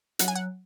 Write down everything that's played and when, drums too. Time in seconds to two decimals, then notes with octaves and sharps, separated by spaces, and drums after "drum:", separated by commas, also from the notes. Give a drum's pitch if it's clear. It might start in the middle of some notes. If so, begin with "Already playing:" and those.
0.19 F#3 F#5, drum: hi-hat
0.28 G#5
0.36 F#5